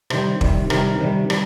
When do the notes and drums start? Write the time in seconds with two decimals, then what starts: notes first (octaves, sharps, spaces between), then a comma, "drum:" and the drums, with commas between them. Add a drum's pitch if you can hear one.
0.10 C3 D#3 G3 C5, drum: rim click
0.41 C3 D#3 G3, drum: kick
0.70 C3 D#3 G3 A#4, drum: rim click
1.00 C3 D#3 G3
1.30 G3, drum: rim click